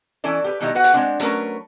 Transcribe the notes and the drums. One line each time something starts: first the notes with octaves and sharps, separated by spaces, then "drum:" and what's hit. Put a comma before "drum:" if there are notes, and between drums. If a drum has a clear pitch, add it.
E3 C#4 E4 A4 D5
G4 A4 B4
B2 D#3 F#3 G3 D#4 E4
F#4 B4 F#5
drum: hi-hat
G#3 C4 D4
F#3 A3 C#4 A#4 B4, drum: hi-hat